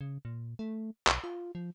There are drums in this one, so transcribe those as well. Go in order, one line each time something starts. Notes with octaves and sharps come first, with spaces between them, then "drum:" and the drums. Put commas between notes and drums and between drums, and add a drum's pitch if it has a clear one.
C#3
A#2
A3
B1, drum: clap
F4
F3